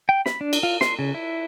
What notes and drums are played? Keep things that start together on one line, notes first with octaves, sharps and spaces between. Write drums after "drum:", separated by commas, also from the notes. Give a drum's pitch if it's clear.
G5
B5, drum: snare
D4
drum: cymbal
F4
C6, drum: snare
C#3
E4